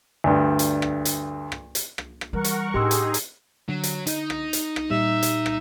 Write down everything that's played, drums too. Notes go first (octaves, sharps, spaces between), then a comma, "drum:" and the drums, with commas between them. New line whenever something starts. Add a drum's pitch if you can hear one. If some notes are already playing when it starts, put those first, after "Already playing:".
D2 G2
drum: hi-hat
drum: rim click
drum: hi-hat
drum: rim click
drum: hi-hat
drum: rim click
drum: rim click
E3 G3 A#4 F#5 C#6
drum: hi-hat
A2 D4 D#4 G4 G#4 C6 E6
drum: hi-hat
drum: hi-hat
D3 F#3
drum: hi-hat
D#4, drum: hi-hat
drum: rim click
drum: hi-hat
drum: rim click
A#2 G3 E5
drum: hi-hat
drum: rim click